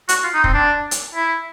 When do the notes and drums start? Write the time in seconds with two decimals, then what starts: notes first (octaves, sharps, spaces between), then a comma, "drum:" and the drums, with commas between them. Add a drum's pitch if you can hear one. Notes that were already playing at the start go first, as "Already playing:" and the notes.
0.09 F#4, drum: hi-hat
0.24 F4
0.34 D#4
0.44 C4, drum: kick
0.54 D4
0.91 drum: hi-hat
1.15 E4